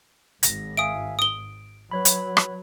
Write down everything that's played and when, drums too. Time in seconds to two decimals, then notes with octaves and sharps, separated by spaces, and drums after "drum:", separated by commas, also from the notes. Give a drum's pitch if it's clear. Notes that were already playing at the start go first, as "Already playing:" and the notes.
0.43 G#1 A#6, drum: hi-hat
0.77 E5 F5 G#5 D#6 D7
1.19 D#6 D7 G7
1.91 F#3 B4 C#5 B5
2.05 drum: hi-hat
2.37 drum: rim click